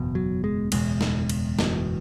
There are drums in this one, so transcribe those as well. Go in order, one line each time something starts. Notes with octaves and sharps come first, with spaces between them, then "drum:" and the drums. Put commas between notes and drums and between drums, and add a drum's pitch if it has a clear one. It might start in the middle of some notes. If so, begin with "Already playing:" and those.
Already playing: F#1 E2 B2
F#3
G#3
F#1 E2 B2 G#3, drum: cymbal
drum: snare
drum: cymbal
F#1 E2 B2, drum: snare